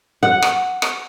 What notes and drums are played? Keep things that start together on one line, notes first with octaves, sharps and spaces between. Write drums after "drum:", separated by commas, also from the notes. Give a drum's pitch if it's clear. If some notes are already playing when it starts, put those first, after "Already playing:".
F#5
drum: rim click
drum: rim click